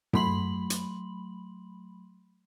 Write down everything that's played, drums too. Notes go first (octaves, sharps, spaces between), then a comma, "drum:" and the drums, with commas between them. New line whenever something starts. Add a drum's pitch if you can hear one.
F#3 A3 B5 C6 F#7, drum: tom
drum: hi-hat